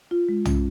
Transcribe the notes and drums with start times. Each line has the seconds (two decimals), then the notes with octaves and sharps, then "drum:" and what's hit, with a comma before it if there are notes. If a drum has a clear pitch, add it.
0.11 F4
0.29 G#3
0.45 C#4, drum: tom